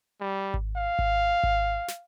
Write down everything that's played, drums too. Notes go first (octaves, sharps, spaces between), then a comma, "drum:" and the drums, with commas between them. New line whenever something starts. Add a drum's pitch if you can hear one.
G3
drum: kick G#1
F5
drum: kick G#1
drum: kick G#1
drum: snare